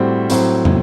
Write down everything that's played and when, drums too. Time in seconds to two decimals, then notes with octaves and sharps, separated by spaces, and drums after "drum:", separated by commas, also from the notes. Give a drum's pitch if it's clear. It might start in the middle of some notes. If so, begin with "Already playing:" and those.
Already playing: A2 G3 C4 F#4
0.30 A2 F#3 C4, drum: hi-hat
0.65 drum: tom